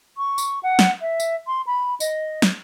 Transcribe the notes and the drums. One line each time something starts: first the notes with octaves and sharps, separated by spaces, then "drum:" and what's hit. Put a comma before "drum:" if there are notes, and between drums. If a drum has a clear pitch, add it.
C#6
drum: tambourine
F#5
drum: snare
E5
drum: tambourine
C6
B5
D#5, drum: tambourine
drum: snare